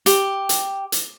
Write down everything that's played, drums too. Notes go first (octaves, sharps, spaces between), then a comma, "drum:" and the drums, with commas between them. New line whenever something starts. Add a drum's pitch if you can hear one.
G4, drum: hi-hat
drum: hi-hat
drum: hi-hat